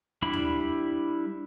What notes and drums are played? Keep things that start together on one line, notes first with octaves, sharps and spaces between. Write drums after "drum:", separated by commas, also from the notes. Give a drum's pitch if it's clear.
G3 D4 E4 B5
drum: tom